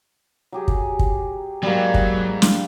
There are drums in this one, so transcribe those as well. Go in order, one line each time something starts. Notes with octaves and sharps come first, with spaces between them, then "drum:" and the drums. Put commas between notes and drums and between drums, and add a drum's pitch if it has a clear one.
F#3 G4 G#4
drum: kick
drum: kick
E2 G#2 F#3 G3 A#3
drum: kick
drum: snare